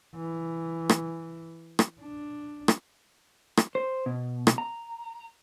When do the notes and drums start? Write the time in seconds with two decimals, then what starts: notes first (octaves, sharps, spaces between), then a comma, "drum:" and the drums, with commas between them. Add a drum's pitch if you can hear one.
0.16 E3
0.89 drum: rim click
1.79 drum: rim click
2.01 D4
2.68 drum: rim click
3.57 drum: rim click
3.75 C5
4.06 B2
4.47 drum: rim click
4.58 A#5